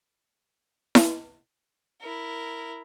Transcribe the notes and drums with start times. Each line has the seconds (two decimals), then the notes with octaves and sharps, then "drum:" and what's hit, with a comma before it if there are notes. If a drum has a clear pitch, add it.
0.95 drum: snare E4
2.01 E4 A#4